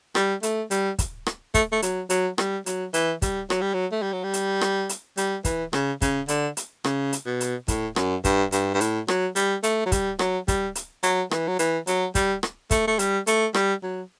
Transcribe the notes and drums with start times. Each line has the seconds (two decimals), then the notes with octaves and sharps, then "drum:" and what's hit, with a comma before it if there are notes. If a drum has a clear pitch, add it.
0.15 G3, drum: rim click
0.43 A3, drum: hi-hat
0.71 G3, drum: hi-hat
0.99 drum: kick, hi-hat
1.26 drum: rim click
1.54 A3, drum: kick, hi-hat
1.72 A3
1.82 F#3, drum: hi-hat
2.10 F#3, drum: hi-hat
2.38 G3, drum: rim click
2.66 F#3, drum: hi-hat
2.94 E3, drum: hi-hat
3.22 G3, drum: kick, hi-hat
3.50 F#3, drum: rim click
3.62 G3
3.74 F#3
3.92 A3
4.02 G3
4.13 F#3
4.24 G3
4.33 drum: hi-hat
4.61 drum: rim click
4.89 drum: hi-hat
5.17 G3, drum: hi-hat
5.45 E3, drum: kick, hi-hat
5.73 C#3, drum: rim click
6.02 C#3, drum: kick, hi-hat
6.28 D3, drum: hi-hat
6.57 drum: hi-hat
6.84 C#3, drum: rim click
7.13 drum: hi-hat
7.26 B2
7.40 drum: hi-hat
7.68 A2, drum: kick, hi-hat
7.96 F#2, drum: rim click
8.24 G2, drum: kick, hi-hat
8.52 G2, drum: hi-hat
8.74 G2
8.81 A2, drum: hi-hat
9.08 F#3, drum: rim click
9.36 G3, drum: hi-hat
9.63 A3, drum: hi-hat
9.86 F#3
9.92 G3, drum: kick, hi-hat
10.19 F#3, drum: rim click
10.48 G3, drum: kick, hi-hat
10.75 drum: hi-hat
11.03 F#3, drum: hi-hat
11.31 E3, drum: rim click
11.48 F#3
11.59 E3, drum: hi-hat
11.87 F#3, drum: hi-hat
12.15 G3, drum: kick, hi-hat
12.43 drum: rim click
12.71 A3, drum: kick, hi-hat
12.87 A3
12.99 G3, drum: hi-hat
13.27 A3, drum: hi-hat
13.54 G3, drum: rim click
13.83 F#3